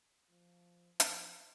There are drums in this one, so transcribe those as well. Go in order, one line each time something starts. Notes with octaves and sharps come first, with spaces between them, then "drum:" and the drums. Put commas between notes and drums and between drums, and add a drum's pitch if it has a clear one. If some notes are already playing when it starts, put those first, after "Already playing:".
F3
F3, drum: hi-hat